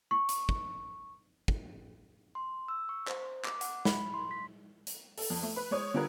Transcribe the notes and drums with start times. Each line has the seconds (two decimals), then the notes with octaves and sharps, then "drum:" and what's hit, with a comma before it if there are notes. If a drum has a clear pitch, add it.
0.11 C#6
0.29 drum: hi-hat
0.49 drum: kick
1.48 drum: kick
2.35 C6
2.68 E6
2.89 C#6
3.08 C5, drum: clap
3.45 D6, drum: clap
3.61 F#5, drum: hi-hat
3.85 B5, drum: snare
4.14 C6
4.31 B6
4.87 drum: hi-hat
5.18 A4, drum: open hi-hat
5.30 F2
5.43 A3
5.56 B4 B5
5.71 G#3 C5 C#5 D#6
5.94 D3 G3 F4 A#4 B4 G#6